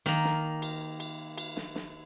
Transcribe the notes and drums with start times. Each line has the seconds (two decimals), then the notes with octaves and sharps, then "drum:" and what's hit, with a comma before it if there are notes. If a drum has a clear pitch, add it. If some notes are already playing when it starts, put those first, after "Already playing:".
0.06 D#3 A#3, drum: snare
0.25 drum: snare
0.62 drum: cymbal
1.00 drum: cymbal
1.38 drum: cymbal
1.56 drum: snare
1.75 drum: snare